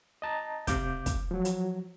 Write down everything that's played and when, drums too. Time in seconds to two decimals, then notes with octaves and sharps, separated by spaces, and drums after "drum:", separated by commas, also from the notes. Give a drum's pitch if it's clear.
0.22 D#5 A5 A#5
0.67 C3 F5 D6 G6, drum: kick, hi-hat
1.06 drum: kick, hi-hat
1.31 F3 F#3
1.45 drum: hi-hat